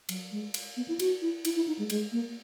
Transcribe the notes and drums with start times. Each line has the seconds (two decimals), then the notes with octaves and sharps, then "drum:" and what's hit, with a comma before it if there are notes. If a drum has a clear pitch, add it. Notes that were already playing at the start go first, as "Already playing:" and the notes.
0.09 F#3, drum: cymbal
0.31 G#3
0.54 drum: cymbal
0.77 B3
0.88 E4
0.99 F#4, drum: cymbal
1.22 E4
1.45 E4, drum: cymbal
1.56 E4
1.67 D#4
1.79 G#3
1.90 G#3, drum: cymbal
2.12 A#3